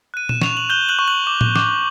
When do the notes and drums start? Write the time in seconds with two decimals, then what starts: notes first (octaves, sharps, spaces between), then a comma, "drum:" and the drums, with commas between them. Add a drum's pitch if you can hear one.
0.14 F#6 D#7
0.29 E7, drum: tom A#2
0.41 C#6 F7, drum: snare
0.57 F#7
0.70 F#6 G6 G7
0.89 F#6 F#7
0.99 C#6
1.08 F#6 F#7
1.27 D6
1.41 drum: tom A2
1.56 D6, drum: snare